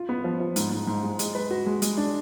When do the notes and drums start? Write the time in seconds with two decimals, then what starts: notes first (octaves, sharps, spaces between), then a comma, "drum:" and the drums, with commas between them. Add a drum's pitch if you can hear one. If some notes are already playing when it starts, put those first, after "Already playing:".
Already playing: F4
0.09 B3
0.24 F3
0.40 F3
0.56 G#2, drum: hi-hat
0.72 G#2
0.87 G#2
1.03 G#3
1.19 G#3, drum: hi-hat
1.35 B4
1.51 F#4
1.66 G#3
1.82 G#3, drum: hi-hat
1.97 D4